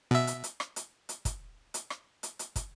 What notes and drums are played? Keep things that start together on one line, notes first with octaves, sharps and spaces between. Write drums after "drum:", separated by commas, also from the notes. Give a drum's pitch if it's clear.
B2 E5
drum: hi-hat
drum: hi-hat
drum: rim click
drum: hi-hat
drum: hi-hat
drum: kick, hi-hat
drum: hi-hat
drum: rim click
drum: hi-hat
drum: hi-hat
drum: kick, hi-hat